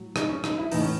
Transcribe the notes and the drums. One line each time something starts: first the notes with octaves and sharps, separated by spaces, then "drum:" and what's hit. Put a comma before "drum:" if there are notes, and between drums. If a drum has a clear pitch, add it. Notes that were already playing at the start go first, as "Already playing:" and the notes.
Already playing: A2 F#3
D#4, drum: rim click
C#4
D#4, drum: rim click
E4
A2 E3 D#4, drum: open hi-hat
C#4